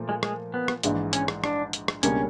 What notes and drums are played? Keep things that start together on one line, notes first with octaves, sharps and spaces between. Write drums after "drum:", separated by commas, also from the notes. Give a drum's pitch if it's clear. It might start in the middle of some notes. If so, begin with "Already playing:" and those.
Already playing: A#2 F3 A3
G#3
G#3, drum: rim click
B3
drum: rim click
A#1 G#2 E3, drum: hi-hat
C#4, drum: hi-hat
drum: rim click
D4, drum: rim click
drum: hi-hat
drum: rim click
C#2 B2 G3 A#3 C#4 D4, drum: hi-hat